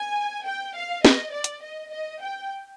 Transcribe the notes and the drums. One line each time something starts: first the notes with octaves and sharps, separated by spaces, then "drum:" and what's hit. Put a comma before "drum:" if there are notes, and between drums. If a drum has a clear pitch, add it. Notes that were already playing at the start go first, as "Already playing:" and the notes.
Already playing: G#5
G5
F5
D#5, drum: snare
D5
drum: hi-hat
D#5
D#5
G5